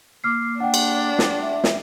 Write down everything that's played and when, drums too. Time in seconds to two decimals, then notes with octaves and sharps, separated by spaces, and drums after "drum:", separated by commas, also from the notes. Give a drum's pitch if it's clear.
0.24 A#3 D6 F6 C7
0.60 D4 F#5 G5
0.74 drum: cymbal
1.19 drum: snare
1.41 E5
1.64 drum: snare